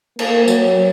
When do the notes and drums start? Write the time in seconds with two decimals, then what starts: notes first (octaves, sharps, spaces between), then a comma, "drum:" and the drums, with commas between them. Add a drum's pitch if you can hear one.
0.19 A#3, drum: cymbal
0.48 F#3, drum: tambourine